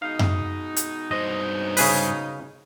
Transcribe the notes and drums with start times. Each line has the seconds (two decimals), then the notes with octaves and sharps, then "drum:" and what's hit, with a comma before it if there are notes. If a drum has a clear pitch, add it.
0.02 B2 G#3 D#4 F5
0.19 drum: tom F#2
0.76 drum: hi-hat
1.11 G2 C5 D#5
1.77 C#3 G#4 B4, drum: open hi-hat